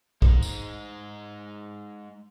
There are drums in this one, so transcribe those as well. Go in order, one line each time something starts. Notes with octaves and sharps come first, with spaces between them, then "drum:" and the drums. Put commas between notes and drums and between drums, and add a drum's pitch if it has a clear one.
G#3 D#4, drum: kick
drum: tambourine